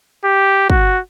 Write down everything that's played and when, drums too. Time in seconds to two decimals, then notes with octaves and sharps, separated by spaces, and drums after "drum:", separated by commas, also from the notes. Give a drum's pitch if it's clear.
0.25 G4
0.70 F#4, drum: kick